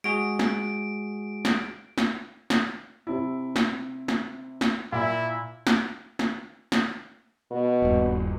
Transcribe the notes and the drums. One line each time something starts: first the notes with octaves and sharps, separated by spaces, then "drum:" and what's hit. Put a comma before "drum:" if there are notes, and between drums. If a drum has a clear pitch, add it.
G#3 F#4 G#4 D7
drum: snare
drum: snare
drum: snare
drum: snare
C3 E4
drum: snare
drum: snare
drum: snare
A#2 E4
drum: snare
drum: snare
drum: snare
B2
D#1 G2